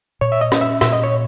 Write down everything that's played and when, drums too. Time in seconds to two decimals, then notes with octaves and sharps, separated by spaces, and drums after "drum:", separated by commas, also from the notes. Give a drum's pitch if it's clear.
0.21 A#2 C#5
0.32 E5
0.41 D#5
0.52 C#4, drum: rim click
0.61 E5
0.81 A#2 E5, drum: rim click
0.92 D#5
1.03 C#5